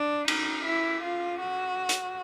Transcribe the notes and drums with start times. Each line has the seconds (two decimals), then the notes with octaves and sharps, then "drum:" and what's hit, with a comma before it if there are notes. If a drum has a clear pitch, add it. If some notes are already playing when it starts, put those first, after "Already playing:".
Already playing: D4
0.28 D#4, drum: cymbal
0.65 E4
1.03 F4
1.41 F#4
1.89 drum: hi-hat